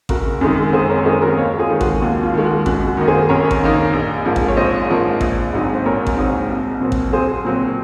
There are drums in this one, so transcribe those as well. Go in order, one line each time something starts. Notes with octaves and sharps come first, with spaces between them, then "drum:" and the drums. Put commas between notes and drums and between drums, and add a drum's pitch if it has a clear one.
F#1 F#4 A#4, drum: kick A1
F#2 D#3 G#3 D#4
F#1 G#4 C5
A#4 C#5
F#2 D#3 G#3 D#4 G#4 C5
F#4 A#4
D#2 C#5 F5
F4 G#4
D#3 G#3
F#4, drum: kick A1
D#2 F#4
F4
D#3 G#3
F#4
F#2 F#4, drum: kick A1
F#4
D#3 A#3 D#4
G#4 C5
F#2 A#4 C#5
drum: kick A1
D#3 A#3 D#4
A#1
G#2 F3 A#3
drum: kick A1
C#5
A#1 C5 D#5
G#2 F3 A#3
A#1, drum: kick A1
G#2 F#3 C4 D#4
C5
A#1 A#4 C#5
drum: kick A1
G#2 F#3 C4 D#4
C2
A#2 F#3 C4
drum: kick A1
C2 G#4 C5
A#2 F#3 C4